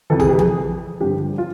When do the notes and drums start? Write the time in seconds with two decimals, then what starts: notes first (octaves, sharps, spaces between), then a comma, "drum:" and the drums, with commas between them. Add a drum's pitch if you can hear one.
0.10 F2 C3 E3 A4
0.20 G#4, drum: tom
0.29 G4
0.39 G#4, drum: tom E3
1.01 G2 D3 F3 G4
1.38 F4